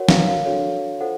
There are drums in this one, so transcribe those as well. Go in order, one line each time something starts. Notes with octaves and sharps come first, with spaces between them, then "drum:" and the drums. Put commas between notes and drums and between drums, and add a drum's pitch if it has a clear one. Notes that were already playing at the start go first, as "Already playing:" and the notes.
Already playing: F#4 A#4 C#5 F#5
F5, drum: snare
F5
D4 F#4 A4 C#5
F4 A4 C5 F#5